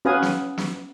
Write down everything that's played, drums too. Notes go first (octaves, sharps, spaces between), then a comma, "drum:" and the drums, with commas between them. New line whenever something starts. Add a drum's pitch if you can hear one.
C#4 F#4 B4 F5 G#5 D#6
drum: snare
drum: snare